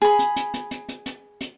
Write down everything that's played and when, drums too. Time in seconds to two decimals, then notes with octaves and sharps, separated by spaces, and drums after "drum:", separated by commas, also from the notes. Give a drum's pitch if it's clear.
0.02 G#4 B5
0.19 drum: hi-hat
0.36 drum: hi-hat
0.54 drum: hi-hat
0.71 drum: hi-hat
0.89 drum: hi-hat
1.06 drum: hi-hat
1.41 drum: hi-hat